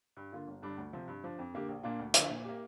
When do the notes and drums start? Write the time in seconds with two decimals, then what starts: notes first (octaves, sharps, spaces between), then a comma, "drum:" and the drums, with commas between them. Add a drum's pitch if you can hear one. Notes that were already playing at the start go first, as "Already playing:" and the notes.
0.17 G2
0.32 D3 A#3 F4
0.47 G1
0.62 G2 D3 G3 D4
0.78 D2
0.93 C3 F3 C4
1.08 G2
1.24 F3 D4
1.39 F2
1.54 D3 A#3 G4
1.68 A#1
1.83 A#2 A#3 D4 F4
1.99 D2
2.14 D3 F3, drum: hi-hat
2.30 A#2
2.44 A#3 G4